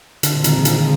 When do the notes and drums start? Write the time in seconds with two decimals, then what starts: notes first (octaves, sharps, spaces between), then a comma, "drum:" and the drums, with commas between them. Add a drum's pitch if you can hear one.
0.23 A#2 D3 G#3 C4 F4 G#4, drum: hi-hat
0.44 D#3, drum: hi-hat
0.58 D#3
0.65 D3, drum: hi-hat